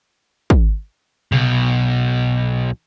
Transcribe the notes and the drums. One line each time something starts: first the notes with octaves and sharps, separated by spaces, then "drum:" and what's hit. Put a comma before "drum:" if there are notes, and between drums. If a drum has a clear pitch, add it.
drum: kick
B1 B2, drum: tom C3